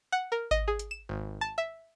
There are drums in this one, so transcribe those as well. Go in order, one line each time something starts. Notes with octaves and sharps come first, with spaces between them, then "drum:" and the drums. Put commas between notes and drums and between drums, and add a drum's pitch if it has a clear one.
F#5
A#4
D#5, drum: kick G#1
G#4
drum: hi-hat
E7
G#1
A5
E5